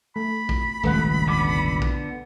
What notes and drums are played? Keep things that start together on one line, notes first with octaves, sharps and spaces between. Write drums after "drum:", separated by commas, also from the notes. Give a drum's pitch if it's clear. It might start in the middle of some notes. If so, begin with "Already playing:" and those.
A3 B5
drum: kick A#1
D#1 G#1 C#2 A3 B4 F#5
D3 B3 D6
drum: kick A#1